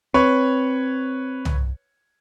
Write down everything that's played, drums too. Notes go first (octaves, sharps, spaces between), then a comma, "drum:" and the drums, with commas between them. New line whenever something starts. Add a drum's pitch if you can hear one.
C4 B4 C#5 C#6
drum: tom C2